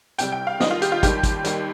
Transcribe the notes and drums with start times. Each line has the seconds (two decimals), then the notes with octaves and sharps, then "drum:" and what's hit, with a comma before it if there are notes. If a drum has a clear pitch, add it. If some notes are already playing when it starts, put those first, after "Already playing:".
0.18 C2 C3 G3 G5, drum: hi-hat
0.32 G5
0.47 F5
0.60 D#2 D#3 G3 D#5, drum: snare
0.71 F4
0.82 G4, drum: hi-hat
0.92 F4
1.03 D#2 D#3 G3 G4, drum: kick, hi-hat
1.23 drum: kick, hi-hat
1.44 D#2 D#3 G3, drum: hi-hat